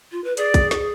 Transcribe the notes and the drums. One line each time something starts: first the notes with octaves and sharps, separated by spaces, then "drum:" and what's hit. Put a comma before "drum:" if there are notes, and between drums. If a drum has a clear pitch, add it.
F4
B4
G#4 D5, drum: hi-hat
drum: kick, hi-hat
drum: snare